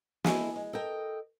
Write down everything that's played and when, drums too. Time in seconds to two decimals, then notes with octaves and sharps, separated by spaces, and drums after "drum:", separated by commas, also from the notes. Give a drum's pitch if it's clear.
0.24 G#3 E4 A4 G#5, drum: snare
0.56 G#3
0.73 A4 A#4 D#5 G5